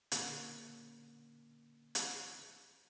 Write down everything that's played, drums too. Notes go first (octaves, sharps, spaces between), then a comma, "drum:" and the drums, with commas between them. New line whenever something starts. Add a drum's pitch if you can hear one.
A#2 D3 A#3 C#4 A6, drum: hi-hat
drum: hi-hat